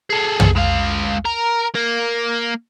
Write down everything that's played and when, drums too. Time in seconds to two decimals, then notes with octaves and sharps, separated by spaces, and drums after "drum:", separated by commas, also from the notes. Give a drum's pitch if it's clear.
0.10 G#4 A4
0.40 drum: tom
0.57 G#3 F5
1.26 A#4
1.75 A#3